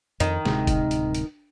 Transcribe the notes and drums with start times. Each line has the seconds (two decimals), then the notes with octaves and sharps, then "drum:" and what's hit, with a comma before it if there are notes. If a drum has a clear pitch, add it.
0.20 F2 D#3, drum: hi-hat
0.45 D1 C3 G#3, drum: snare
0.67 drum: kick, hi-hat
0.91 drum: hi-hat
1.15 drum: hi-hat